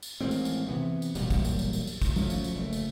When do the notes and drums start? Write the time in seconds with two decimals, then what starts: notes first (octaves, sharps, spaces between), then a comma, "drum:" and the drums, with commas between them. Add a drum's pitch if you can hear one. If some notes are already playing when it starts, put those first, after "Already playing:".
0.03 drum: tambourine
0.21 A1 D#3 G#3 C4
0.31 drum: tambourine
0.45 drum: tambourine
0.68 C3 E3 B3
1.02 drum: tambourine
1.15 E1 A#2 F#3 G3, drum: tambourine
1.30 drum: kick, tambourine
1.45 drum: tambourine
1.59 drum: tambourine
1.73 drum: tambourine
1.87 drum: tambourine
2.02 drum: kick, tambourine
2.16 F3 F#3 A3 C#4, drum: tambourine
2.30 drum: tambourine
2.44 drum: tambourine
2.55 F#1 C3 A3
2.73 drum: tambourine